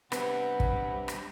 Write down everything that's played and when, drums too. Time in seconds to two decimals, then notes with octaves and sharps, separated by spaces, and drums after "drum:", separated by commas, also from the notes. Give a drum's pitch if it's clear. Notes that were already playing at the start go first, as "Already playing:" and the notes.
0.12 C3 G3 B3 D4 F#5 B5, drum: rim click
0.60 drum: kick
1.08 drum: rim click